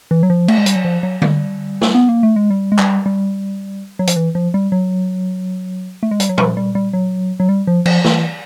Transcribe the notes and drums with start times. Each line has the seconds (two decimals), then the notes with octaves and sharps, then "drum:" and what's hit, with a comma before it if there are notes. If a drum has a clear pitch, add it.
0.11 E3
0.23 F#3
0.30 F3
0.48 A3, drum: cymbal
0.58 G#3
0.66 G3, drum: hi-hat
0.76 F#3
0.85 F3
1.03 F#3
1.22 G3, drum: tom D3
1.81 drum: snare
1.95 B3
2.09 A#3
2.23 A3
2.36 G#3
2.50 G3
2.72 G#3
2.79 G3, drum: clap
3.06 G3
3.99 F#3
4.07 F3, drum: hi-hat
4.16 E3
4.35 F3
4.54 G3
4.72 F#3
6.03 A3
6.11 G#3
6.20 G3, drum: hi-hat
6.29 F#3
6.38 F3, drum: tom
6.57 G3
6.75 G3
6.93 F#3
7.40 F#3
7.49 G3
7.67 F3
7.86 F3, drum: cymbal
8.04 E3, drum: snare